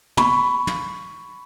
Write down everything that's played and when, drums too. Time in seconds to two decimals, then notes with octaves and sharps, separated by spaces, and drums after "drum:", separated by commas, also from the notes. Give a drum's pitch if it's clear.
0.17 B5 C#6, drum: tom
0.67 drum: tom